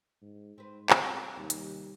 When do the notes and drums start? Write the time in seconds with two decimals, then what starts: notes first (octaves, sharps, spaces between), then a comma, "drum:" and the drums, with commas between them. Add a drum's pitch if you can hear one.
0.22 G#2
0.58 G#2 C4 B4
0.90 C4 F4 F#4 A4, drum: clap
1.36 D#2 C3 D#3 G3
1.50 drum: hi-hat